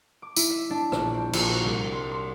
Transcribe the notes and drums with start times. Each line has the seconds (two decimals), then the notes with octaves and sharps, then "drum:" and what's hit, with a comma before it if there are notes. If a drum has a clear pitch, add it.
0.22 D6
0.36 E4, drum: tambourine
0.50 E5
0.70 D4
0.92 A#1, drum: rim click
1.14 C4
1.33 A#1, drum: cymbal
1.49 F#4
1.64 C2
1.92 C6
2.11 C6